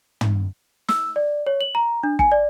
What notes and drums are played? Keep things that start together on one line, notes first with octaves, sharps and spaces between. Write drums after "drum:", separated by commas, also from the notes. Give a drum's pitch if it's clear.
drum: tom
E6, drum: snare
D5
C#5
F#7
A#5
D4
G#5, drum: kick
D5